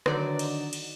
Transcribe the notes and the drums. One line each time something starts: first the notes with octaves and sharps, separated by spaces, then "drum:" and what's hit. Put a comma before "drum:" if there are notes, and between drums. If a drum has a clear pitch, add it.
D3 D#3 F#3 D#4 D5, drum: rim click
drum: cymbal
drum: cymbal